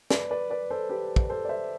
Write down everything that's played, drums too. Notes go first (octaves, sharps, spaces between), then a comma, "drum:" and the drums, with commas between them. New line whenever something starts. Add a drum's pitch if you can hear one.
B4 D5, drum: snare
B4 D5
B4 D5
A4 C5
G4 B4
drum: kick
A4 C5
D5
C5 E5